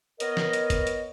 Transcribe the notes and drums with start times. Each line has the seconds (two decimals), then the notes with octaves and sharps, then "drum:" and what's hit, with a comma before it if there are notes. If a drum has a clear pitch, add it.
0.20 B3 A#4 C#5 D#5, drum: hi-hat
0.37 drum: snare
0.53 drum: hi-hat
0.70 drum: kick, hi-hat
0.87 drum: hi-hat